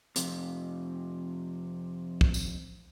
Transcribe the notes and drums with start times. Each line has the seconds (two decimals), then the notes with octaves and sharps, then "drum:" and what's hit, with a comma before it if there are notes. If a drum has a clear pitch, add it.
0.16 F2 C3, drum: hi-hat
2.21 drum: kick
2.34 drum: tambourine